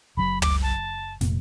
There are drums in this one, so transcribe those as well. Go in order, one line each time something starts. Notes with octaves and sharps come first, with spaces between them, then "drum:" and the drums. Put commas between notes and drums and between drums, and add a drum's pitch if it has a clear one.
F#1 F#2 C#3 B5
D6, drum: tom
A5
F1 A#2, drum: snare